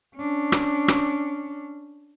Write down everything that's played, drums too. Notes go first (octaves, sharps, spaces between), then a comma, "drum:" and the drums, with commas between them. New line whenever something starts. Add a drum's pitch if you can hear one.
C#4 D4
drum: rim click
drum: rim click